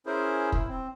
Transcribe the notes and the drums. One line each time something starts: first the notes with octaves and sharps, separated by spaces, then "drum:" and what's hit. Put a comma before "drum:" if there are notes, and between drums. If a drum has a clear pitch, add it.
C#4 E4 G#4 A#4 C5
E4, drum: kick
C4